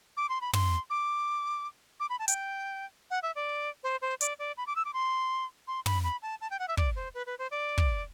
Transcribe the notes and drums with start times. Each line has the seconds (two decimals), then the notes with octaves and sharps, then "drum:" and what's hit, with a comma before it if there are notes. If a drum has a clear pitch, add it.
0.17 D6
0.29 C6
0.41 B5
0.53 C6, drum: tom
0.90 D6
2.00 D6
2.10 B5
2.19 A5
2.28 G5, drum: hi-hat
3.11 F#5
3.23 E5
3.35 D5
3.83 C5
4.02 C5
4.21 D5, drum: hi-hat
4.39 D5
4.57 B5
4.67 D6
4.76 E6
4.85 D6
4.94 C6
5.67 C6
5.86 B5, drum: tom
6.04 B5
6.22 A5
6.41 A5
6.51 G5
6.59 F#5
6.68 E5
6.77 D5, drum: kick
6.96 C5
7.14 B4
7.26 B4
7.39 C5
7.51 D5
7.78 drum: kick